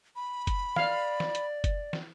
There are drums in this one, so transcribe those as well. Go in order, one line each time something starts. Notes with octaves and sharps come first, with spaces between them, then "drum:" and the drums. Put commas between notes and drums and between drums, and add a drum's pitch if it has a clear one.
B5
drum: kick F#1, hi-hat
D5 F5, drum: snare
drum: snare
drum: hi-hat
drum: kick F#1, hi-hat
drum: snare